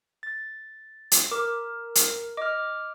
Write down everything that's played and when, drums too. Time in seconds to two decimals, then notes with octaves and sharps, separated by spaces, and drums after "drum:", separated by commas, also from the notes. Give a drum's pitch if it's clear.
0.23 A6
1.11 drum: hi-hat
1.31 A#4 D6
1.95 drum: hi-hat
2.37 D#5 D6 F6